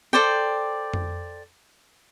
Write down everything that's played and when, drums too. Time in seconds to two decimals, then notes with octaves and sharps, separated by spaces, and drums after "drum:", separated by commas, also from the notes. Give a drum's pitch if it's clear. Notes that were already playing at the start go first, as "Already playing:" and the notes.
0.13 A4 C5 D5 G5
0.94 drum: tom F2